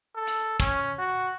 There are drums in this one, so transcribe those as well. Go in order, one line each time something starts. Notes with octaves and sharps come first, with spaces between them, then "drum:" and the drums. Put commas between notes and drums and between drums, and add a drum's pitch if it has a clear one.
A4
drum: hi-hat
C#4, drum: kick, hi-hat
F#4